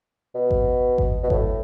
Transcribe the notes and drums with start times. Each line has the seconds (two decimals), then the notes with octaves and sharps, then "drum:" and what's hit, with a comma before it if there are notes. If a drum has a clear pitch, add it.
0.35 B2
0.51 drum: kick G#1
0.98 drum: kick G#1
1.23 B2
1.30 A2, drum: kick G#1